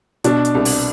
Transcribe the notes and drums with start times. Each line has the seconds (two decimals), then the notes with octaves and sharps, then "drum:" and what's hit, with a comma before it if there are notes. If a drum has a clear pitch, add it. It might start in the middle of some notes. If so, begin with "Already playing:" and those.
0.24 B2 D4, drum: hi-hat
0.45 drum: hi-hat
0.55 C2
0.65 drum: open hi-hat